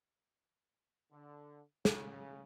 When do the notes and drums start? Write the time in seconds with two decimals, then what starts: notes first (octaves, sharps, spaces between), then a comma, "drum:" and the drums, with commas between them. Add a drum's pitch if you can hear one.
1.11 D3
1.85 C#3, drum: snare